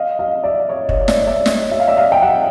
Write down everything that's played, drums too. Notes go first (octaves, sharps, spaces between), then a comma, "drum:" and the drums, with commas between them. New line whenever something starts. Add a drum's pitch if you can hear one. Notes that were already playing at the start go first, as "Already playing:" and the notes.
Already playing: D#5 F5
D#5 F5
D5 E5
C#5 D#5
C#5 D#5, drum: kick
D#5
D5 E5, drum: snare
D5 E5
C#5 D#5, drum: snare
E5
F5
D5 E5
D#5 F5
G5
E5 F#5